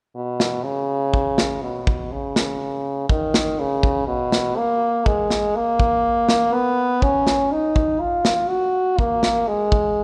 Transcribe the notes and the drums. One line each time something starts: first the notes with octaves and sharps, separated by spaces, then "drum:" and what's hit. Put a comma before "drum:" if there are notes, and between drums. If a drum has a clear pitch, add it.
B2
drum: snare
C#3
drum: kick
drum: snare
B2
drum: kick
C#3
drum: snare
D#3, drum: kick
drum: snare
C#3
drum: kick
B2
drum: snare
A#3
G#3, drum: kick
drum: snare
A#3
drum: kick
drum: snare
B3
C#4, drum: kick
drum: snare
D#4
drum: kick
F4
drum: snare
F#4
A#3, drum: kick
drum: snare
G#3
drum: kick